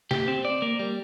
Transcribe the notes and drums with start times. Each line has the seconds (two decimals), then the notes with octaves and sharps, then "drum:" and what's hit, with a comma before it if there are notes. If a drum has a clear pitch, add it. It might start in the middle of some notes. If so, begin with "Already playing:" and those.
0.11 G4, drum: snare
0.28 C4
0.45 D5
0.62 A#3
0.79 G3